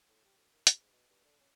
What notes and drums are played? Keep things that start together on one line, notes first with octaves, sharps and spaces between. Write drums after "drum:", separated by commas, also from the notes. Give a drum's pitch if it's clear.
A2
G4
D2
D#3
C3, drum: hi-hat
G#2
B2
G2
D3
C#4